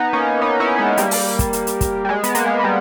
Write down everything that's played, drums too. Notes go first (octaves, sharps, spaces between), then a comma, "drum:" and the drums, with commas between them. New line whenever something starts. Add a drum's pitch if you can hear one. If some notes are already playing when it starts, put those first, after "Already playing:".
Already playing: B3 D#4
A#3 C#4
B3 D#4
C#4 E4
G#3 B3
G3 A#3, drum: hi-hat
drum: open hi-hat
drum: kick, hi-hat
drum: hi-hat
drum: hi-hat
drum: kick, hi-hat
G3
G#3
B3, drum: hi-hat
A#3, drum: hi-hat
G#3
B3
G3 A#3